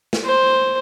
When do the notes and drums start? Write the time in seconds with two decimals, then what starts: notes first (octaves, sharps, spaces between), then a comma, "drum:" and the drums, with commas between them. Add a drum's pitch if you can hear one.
0.13 drum: snare
0.24 C5